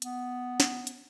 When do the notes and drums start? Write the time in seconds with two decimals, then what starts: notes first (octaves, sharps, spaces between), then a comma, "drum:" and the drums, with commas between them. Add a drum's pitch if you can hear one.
0.02 B3, drum: hi-hat
0.60 drum: snare
0.87 drum: hi-hat